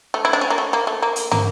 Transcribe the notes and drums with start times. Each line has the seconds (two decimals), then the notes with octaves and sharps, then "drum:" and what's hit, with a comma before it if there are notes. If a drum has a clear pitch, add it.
0.14 A3
0.25 E4
0.33 D4
0.41 C#4
0.50 A#3
0.58 A3
0.73 A#3
0.87 A3
1.02 A#3
1.16 drum: hi-hat
1.31 A#3, drum: tom